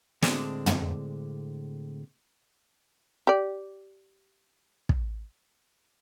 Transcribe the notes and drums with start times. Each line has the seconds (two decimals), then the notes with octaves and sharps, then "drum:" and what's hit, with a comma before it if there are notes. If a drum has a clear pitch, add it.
0.22 A2 D3 G#3 C4 D4, drum: snare
0.66 drum: tom
3.27 G4 D5
4.89 drum: kick